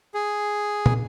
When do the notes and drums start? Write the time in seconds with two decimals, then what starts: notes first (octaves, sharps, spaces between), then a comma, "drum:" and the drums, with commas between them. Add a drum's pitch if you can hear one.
0.15 G#4
0.86 drum: tom